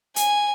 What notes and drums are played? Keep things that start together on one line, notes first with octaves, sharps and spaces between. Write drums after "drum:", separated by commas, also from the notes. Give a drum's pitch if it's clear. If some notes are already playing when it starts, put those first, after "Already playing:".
G#5, drum: hi-hat